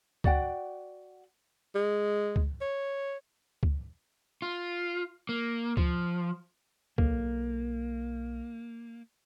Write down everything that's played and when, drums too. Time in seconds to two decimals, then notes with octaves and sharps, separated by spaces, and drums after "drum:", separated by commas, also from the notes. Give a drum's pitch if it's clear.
0.24 F#4 D5 F#5 G5, drum: kick C#2
1.75 G#3
2.36 drum: kick C#2
2.61 C#5
3.63 drum: kick C#2
4.42 F4
5.29 A#3
5.77 F3, drum: kick C#2
6.98 B1 A#3, drum: kick C#2